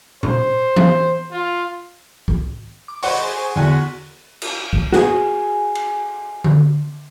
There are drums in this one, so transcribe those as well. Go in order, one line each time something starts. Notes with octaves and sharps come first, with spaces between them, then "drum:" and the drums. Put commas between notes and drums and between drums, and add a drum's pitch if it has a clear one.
C5, drum: tom A#2
drum: tom
F4
drum: kick
D6
C5 D#5 F#5 B5 C#6, drum: open hi-hat
G#4
G#4
E2 D3 F#4 G#5 C6 B6
drum: cymbal
drum: kick
F#4 G#4, drum: snare
drum: cymbal
drum: tom D3